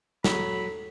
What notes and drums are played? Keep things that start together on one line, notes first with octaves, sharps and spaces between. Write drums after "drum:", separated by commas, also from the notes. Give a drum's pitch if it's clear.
F#3 A4 B5, drum: snare